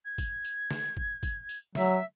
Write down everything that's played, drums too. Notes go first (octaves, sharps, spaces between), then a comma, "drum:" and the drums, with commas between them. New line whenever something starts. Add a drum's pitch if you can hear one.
G#6
drum: kick G1, tambourine
drum: tambourine
drum: snare
drum: kick G1
drum: kick G1, tambourine
drum: tambourine
F#3 E5, drum: snare